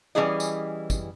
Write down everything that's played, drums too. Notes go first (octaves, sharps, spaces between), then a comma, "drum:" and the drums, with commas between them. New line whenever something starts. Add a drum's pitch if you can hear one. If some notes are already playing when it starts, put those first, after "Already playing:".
E3 G3 C#4 E4 G#4 D#5
drum: tambourine
drum: kick, tambourine